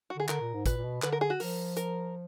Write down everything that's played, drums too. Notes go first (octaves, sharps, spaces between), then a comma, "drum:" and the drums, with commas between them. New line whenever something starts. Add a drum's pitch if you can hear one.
F#4
D3
G#4
D3 A#4, drum: clap
A#2
G#2
A#2 B4, drum: kick, hi-hat
A#2
B2
D3 B4, drum: clap
A#4
G#4
F#4
F3 A#4, drum: open hi-hat
A#4, drum: hi-hat